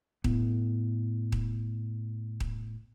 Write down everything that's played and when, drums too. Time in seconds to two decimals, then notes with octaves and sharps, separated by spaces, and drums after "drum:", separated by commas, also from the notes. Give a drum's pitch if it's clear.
0.24 A2 B3, drum: kick D#1
1.32 drum: kick D#1
2.40 drum: kick D#1